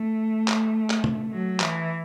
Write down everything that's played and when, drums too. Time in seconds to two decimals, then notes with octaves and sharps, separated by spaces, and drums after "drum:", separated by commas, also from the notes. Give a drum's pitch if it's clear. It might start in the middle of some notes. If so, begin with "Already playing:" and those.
Already playing: A3
0.48 drum: clap
0.90 drum: clap
1.04 drum: tom
1.32 F#3
1.60 E3, drum: clap